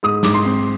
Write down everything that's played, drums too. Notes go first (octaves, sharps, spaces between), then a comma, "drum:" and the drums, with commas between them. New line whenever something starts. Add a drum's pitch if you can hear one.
G#2 D#6
G#2 D6, drum: snare
C6
C4